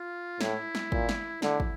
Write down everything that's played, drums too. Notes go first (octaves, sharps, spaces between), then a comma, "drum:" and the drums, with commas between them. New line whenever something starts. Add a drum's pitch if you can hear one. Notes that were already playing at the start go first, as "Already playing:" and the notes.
Already playing: F4
A2 E4, drum: snare
drum: snare
A#2, drum: kick
drum: snare
D3 E4, drum: snare
drum: kick